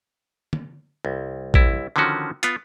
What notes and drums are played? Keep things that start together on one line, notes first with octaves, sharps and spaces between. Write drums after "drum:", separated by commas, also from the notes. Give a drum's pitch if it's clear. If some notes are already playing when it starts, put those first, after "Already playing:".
drum: tom
C2
C2 E4, drum: kick
D3 D#3 F3 C#4 F#4
B3 F4, drum: hi-hat